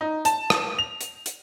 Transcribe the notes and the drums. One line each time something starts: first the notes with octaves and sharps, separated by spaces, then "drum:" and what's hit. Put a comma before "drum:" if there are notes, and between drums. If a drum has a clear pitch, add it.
D#4
A5, drum: hi-hat
drum: rim click
F7
drum: hi-hat
drum: hi-hat